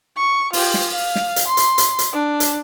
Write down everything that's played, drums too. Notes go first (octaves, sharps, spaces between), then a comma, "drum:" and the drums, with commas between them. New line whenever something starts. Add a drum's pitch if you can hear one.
C#6
F4 G4, drum: open hi-hat
drum: snare
F5
drum: snare
drum: hi-hat
C6
drum: hi-hat
drum: hi-hat
drum: hi-hat
D4
drum: hi-hat